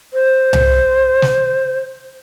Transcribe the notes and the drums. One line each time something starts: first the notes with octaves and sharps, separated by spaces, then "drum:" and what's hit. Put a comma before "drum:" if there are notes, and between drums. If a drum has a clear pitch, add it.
C5
drum: tom C2
drum: snare